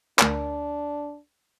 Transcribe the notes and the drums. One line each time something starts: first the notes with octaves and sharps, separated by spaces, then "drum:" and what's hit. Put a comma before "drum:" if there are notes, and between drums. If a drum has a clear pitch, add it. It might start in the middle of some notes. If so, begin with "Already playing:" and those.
D2 D4 A#4, drum: clap